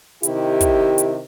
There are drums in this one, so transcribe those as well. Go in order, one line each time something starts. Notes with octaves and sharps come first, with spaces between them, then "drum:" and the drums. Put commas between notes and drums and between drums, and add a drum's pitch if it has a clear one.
C3 D#3 E4 G4, drum: hi-hat
drum: kick, hi-hat
drum: hi-hat